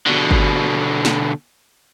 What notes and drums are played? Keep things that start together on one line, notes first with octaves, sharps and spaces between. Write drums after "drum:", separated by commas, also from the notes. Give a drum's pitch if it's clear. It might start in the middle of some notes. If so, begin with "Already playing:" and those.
B2 D3
drum: kick G1
drum: snare